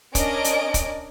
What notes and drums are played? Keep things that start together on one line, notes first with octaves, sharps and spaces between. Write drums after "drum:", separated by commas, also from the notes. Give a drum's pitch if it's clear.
C#4 D4 A#4 D5 D#5 D7, drum: kick, hi-hat
drum: hi-hat
drum: kick, hi-hat